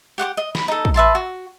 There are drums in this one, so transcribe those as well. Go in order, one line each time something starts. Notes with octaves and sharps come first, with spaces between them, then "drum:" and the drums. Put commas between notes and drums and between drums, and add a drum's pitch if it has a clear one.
G4 F#5 C#6 D6
D#5
B5, drum: snare
D#4 A4
drum: kick
B4 E5 A5 C6
F#4